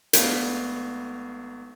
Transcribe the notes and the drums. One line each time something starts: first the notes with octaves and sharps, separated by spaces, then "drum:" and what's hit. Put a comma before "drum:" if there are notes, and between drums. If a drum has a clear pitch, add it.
G#1 A3 B3 D4 F5, drum: hi-hat